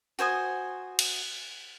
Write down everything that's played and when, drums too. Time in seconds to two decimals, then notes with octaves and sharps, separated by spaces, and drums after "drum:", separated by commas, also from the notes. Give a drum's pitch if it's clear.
0.19 F#4 C5 G#5 D#6
0.99 drum: cymbal